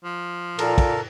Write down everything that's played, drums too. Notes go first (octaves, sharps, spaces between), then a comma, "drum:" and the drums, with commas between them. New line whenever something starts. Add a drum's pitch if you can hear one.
F3
A#2 A4 A#4, drum: cymbal
drum: kick, cymbal